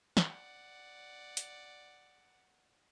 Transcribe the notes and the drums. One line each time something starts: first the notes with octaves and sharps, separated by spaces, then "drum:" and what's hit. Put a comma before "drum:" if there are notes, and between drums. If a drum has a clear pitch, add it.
D5 F#5, drum: snare
drum: hi-hat